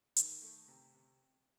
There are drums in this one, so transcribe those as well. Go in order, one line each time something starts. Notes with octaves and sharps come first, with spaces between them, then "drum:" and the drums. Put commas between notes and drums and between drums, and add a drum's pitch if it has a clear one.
D#3, drum: hi-hat
A3
C3
C3